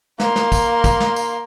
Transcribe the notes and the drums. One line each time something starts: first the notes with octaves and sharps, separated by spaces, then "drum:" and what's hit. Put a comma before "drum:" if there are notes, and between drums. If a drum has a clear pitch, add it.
A#3 C6, drum: snare
drum: snare
drum: kick, tambourine
drum: kick, tambourine
drum: snare
drum: tambourine